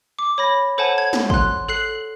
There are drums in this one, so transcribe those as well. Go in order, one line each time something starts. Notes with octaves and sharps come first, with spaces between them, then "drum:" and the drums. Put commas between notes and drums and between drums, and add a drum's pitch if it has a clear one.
D6
C#5 B5 A#6
A4 C5 C#5 F#5 G#5 A5
G#6
drum: snare
C6 F#6, drum: kick
A4 F#6 C7 F#7